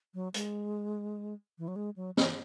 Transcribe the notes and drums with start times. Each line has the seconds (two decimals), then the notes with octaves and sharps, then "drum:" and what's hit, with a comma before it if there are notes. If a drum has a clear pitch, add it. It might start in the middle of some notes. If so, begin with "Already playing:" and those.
0.14 F#3
0.34 G#3, drum: hi-hat
1.58 E3
1.68 F#3
1.76 G#3
1.96 F#3
2.17 E3, drum: snare